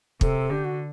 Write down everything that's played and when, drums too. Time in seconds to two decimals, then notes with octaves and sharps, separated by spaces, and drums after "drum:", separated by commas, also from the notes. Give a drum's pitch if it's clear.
0.21 C3 A4, drum: kick
0.50 D3 G4
0.64 F#4